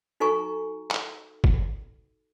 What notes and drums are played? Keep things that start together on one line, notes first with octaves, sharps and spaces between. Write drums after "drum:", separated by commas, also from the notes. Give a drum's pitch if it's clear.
D#4 F#4 A4 G#5 A#5 C#6
drum: clap
drum: kick G1